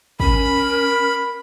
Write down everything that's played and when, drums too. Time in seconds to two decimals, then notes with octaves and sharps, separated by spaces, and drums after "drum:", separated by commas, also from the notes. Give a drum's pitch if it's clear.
0.20 C#4 A#4 B5, drum: kick